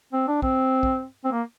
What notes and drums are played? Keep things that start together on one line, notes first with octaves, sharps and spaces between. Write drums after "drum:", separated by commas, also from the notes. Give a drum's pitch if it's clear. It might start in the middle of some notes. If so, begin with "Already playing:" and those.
C4
D4
C4, drum: kick
drum: kick
C4
A#3